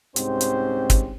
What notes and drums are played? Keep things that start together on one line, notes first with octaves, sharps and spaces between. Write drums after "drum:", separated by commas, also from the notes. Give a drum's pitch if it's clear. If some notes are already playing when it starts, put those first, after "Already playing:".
C2 G#2 C4 C#4 G4 C5, drum: hi-hat
drum: hi-hat
drum: kick, hi-hat